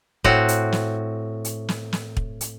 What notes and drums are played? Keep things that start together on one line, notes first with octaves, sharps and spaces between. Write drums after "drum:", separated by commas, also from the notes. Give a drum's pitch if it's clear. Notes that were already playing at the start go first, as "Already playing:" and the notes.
A2 C4 F#4, drum: kick
drum: hi-hat
drum: snare
drum: hi-hat
drum: snare
drum: snare
drum: kick
drum: hi-hat